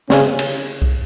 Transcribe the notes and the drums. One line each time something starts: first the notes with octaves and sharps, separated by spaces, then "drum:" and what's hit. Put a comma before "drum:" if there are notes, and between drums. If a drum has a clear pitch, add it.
C#3 C#4, drum: snare
drum: cymbal
drum: kick C2